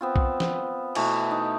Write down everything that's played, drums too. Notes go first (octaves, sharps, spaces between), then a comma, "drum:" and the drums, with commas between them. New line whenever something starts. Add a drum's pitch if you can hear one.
B3 C4 F4
drum: kick B1
drum: snare
B2 E3 A3, drum: cymbal
D#4